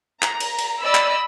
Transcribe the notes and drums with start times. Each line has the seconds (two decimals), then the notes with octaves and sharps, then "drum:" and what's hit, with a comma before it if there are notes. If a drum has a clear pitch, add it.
0.22 A#5, drum: clap
0.40 drum: cymbal
0.59 drum: cymbal
0.82 D5 D#5 B5 E6
0.95 drum: clap